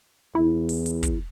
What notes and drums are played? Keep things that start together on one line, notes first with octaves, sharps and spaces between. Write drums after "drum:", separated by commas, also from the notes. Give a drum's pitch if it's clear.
E2 E4
drum: open hi-hat
drum: hi-hat
drum: kick, hi-hat